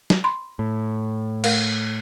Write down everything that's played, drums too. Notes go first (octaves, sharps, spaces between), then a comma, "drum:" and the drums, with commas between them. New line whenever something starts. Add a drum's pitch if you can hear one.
drum: snare
B5 C6
A2
A3 A#4 F5, drum: cymbal